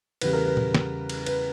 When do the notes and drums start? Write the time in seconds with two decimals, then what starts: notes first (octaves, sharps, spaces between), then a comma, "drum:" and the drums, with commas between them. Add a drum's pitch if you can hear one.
0.21 E2 C#3 G3 B4, drum: cymbal
0.33 A#4
0.46 B4
0.57 drum: tom A#2
0.75 drum: snare
1.09 drum: cymbal
1.26 B4, drum: cymbal